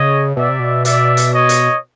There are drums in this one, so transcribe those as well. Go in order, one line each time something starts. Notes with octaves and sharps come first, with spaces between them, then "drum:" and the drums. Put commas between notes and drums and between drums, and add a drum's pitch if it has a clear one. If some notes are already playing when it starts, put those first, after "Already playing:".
Already playing: C#3 C#5 D#5
B2 D5 E5
C3
B2
D5 E5, drum: hi-hat
drum: hi-hat
C#5 D#5
drum: hi-hat